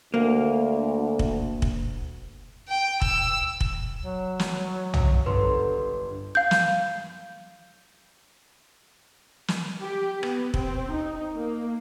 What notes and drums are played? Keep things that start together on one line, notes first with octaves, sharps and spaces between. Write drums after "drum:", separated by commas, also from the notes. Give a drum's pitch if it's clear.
D2 A#3
drum: kick
drum: kick
G5
E6, drum: kick
drum: kick
F#3
drum: snare
drum: tom
G1 B4 C6
F5 G6
drum: snare
drum: snare
G4
B3, drum: rim click
C4, drum: kick
D#4
A#3